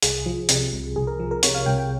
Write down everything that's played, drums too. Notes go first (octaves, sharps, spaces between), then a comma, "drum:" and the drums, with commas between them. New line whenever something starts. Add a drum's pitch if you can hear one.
C2 G#4, drum: hi-hat
F3
C3, drum: hi-hat
C2
C2 G#4
A#4
F3
A#4
C3 C#5, drum: hi-hat
F5
C2 G5
G5